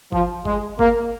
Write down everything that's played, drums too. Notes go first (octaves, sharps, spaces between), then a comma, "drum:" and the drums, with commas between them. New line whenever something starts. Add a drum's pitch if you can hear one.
F3, drum: kick G1
G#3, drum: kick G1
A#3, drum: kick G1